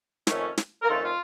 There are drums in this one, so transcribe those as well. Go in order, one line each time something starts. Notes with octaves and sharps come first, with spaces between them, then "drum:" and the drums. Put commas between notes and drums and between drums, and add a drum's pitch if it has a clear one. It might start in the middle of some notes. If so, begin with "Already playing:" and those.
F2 D#3 A3 C#4, drum: snare
drum: snare
A#4
F2 D#3 A3 C#4 F4 A4
F4